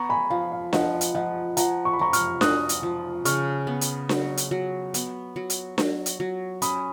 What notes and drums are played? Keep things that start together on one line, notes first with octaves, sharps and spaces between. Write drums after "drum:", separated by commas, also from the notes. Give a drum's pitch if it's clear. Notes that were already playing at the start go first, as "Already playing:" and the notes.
Already playing: B3 A#5 C#6
G#5 B5
F3 F5
F5
F3 D#5 F#5, drum: snare D4
drum: hi-hat
F3 D#5 F#5
F3 F#5 A#5, drum: hi-hat
C#6
B5
F3 A#5 C#6
C#6 F6, drum: hi-hat
F#4 D#6 F#6, drum: snare D4
drum: hi-hat
F3
C#3 C#6 F6, drum: hi-hat
B3
drum: hi-hat
F#3, drum: snare D4
drum: hi-hat
F#3
B3, drum: hi-hat
F#3
drum: hi-hat
F#3, drum: snare D4
drum: hi-hat
F#3
C#4 B5 D#6, drum: hi-hat